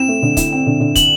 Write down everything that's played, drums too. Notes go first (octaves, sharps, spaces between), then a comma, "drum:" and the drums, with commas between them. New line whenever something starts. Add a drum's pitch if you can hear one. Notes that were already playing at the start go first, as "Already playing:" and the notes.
Already playing: C4 E4 E7
A3
D3
E4, drum: kick, hi-hat
C4
D3
D3
F#7, drum: kick, hi-hat